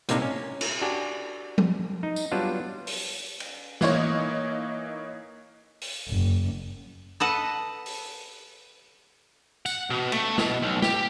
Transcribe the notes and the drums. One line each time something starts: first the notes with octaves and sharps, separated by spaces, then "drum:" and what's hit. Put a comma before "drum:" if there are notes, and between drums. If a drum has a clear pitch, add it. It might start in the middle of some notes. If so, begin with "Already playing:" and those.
A2 C3 A#3 D4 D#4 G4, drum: hi-hat
C#4
drum: cymbal
D4 F#4 G4 G#5
drum: tom F3
D#4
drum: tambourine
F#3 G3 B3 D4 F4
drum: open hi-hat
drum: cymbal
E3 A#3 D#4 C#5 G#6, drum: snare
drum: open hi-hat
F#1
A4 B4 D#5 F#5 A5
drum: open hi-hat
F#5, drum: tambourine
B2
A3, drum: cymbal
B2, drum: snare
B1
G4, drum: snare